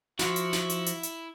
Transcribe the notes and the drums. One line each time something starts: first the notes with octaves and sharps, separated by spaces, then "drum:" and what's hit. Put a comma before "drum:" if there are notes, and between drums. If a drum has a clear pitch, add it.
F3 E4 F#4, drum: snare
drum: hi-hat
drum: snare
drum: hi-hat
drum: hi-hat
drum: hi-hat